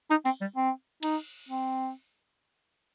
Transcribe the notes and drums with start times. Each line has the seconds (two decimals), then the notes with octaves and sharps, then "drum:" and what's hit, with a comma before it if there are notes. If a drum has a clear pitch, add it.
0.11 D#4, drum: hi-hat
0.25 C4, drum: open hi-hat
0.41 G3
0.56 C4
1.03 D#4, drum: cymbal
1.49 C4